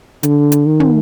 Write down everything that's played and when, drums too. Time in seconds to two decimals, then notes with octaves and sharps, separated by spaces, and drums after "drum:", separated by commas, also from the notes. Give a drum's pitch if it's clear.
0.23 D3, drum: hi-hat
0.52 drum: hi-hat
0.66 D#3
0.80 drum: tom